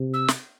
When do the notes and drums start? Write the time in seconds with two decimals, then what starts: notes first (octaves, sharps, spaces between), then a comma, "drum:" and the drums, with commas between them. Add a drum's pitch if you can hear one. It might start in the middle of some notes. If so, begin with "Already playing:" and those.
Already playing: C3
0.14 E6
0.28 drum: snare